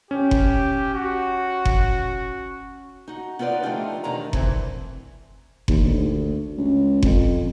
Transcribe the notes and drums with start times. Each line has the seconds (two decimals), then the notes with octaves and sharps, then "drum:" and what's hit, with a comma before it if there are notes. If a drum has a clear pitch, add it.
0.11 C#4 G4
0.31 drum: kick F#1
0.94 F#4
1.66 drum: kick F#1
3.08 D#4 F#4
3.39 B3 D#4 F4 B4 D5
3.63 F3 A3 D4 D#4 F4 G4
4.04 E2 B2 D#3 D4 D#4 A#5
4.33 C3 E3 A3 C4, drum: kick F#1
5.68 D#2, drum: kick F#1
5.84 D2
6.57 C#2
7.03 F2, drum: kick F#1